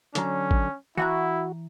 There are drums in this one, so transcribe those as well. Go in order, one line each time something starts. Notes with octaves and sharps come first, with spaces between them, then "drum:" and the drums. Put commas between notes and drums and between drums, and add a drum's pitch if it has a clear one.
D3 F#3 C#4 A#5, drum: hi-hat
drum: kick
E3 E4 F#4 F#5 A#5